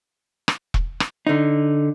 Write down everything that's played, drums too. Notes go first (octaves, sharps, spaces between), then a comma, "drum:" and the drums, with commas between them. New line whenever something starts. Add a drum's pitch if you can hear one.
drum: rim click
drum: kick E1
drum: rim click
D3 D#4